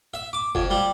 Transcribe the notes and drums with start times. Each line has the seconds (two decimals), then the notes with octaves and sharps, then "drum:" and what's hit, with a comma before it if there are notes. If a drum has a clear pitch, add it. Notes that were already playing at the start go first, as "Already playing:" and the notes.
0.14 E5
0.33 D6
0.55 F2, drum: kick F#1
0.70 G3